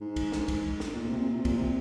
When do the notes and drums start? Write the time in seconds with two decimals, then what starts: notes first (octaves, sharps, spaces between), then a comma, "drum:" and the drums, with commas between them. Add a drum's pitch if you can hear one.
0.01 G#2
0.16 drum: kick, cymbal
0.32 drum: snare
0.48 drum: kick, cymbal
0.80 drum: snare
0.96 A#2
1.08 C3
1.20 A#2
1.32 C3
1.45 A#2, drum: kick, cymbal
1.57 C3